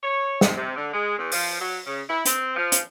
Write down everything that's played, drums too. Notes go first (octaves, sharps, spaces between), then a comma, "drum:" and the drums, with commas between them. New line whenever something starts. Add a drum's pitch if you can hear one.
C#5
C3, drum: snare
C3
D3
G#3
E2
F3, drum: open hi-hat
F#3
C#3
E4
C4, drum: hi-hat
F3
drum: hi-hat